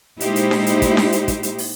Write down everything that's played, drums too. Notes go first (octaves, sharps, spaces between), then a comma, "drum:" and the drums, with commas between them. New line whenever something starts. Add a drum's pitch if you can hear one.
A#2 G#3 D#4 E4 G4 C5, drum: hi-hat
drum: hi-hat
drum: snare D4
drum: hi-hat
drum: kick, hi-hat
drum: snare D4
drum: hi-hat
drum: kick, hi-hat
drum: hi-hat
drum: open hi-hat